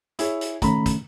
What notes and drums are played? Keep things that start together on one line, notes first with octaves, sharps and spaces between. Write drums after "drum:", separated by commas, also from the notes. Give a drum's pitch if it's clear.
E4 G#4 C#5, drum: hi-hat
drum: hi-hat
D#3 A3 C#4 A#5 B5, drum: kick, hi-hat
drum: kick, hi-hat